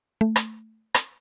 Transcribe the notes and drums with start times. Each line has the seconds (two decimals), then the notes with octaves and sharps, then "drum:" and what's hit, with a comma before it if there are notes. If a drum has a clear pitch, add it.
0.21 A3
0.36 drum: rim click
0.94 drum: rim click